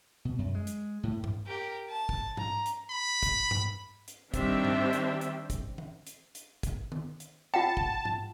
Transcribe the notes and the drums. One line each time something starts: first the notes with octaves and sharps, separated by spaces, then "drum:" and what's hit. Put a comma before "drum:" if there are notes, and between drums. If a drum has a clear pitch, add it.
B2
F#2
G#3
drum: hi-hat
A2
drum: tom G2
G4 A#4
A5
drum: kick
A#5, drum: tom G#2
drum: hi-hat
B5
drum: kick, hi-hat
drum: tom G2
drum: hi-hat
D#3 G3 C4 D4 E5 G5, drum: kick, hi-hat
drum: tom G#2
drum: hi-hat
drum: hi-hat
drum: kick, hi-hat
drum: tom
drum: hi-hat
drum: hi-hat
drum: kick, hi-hat
drum: tom
drum: hi-hat
F4 F#5 G5 A5
drum: kick
drum: tom G#2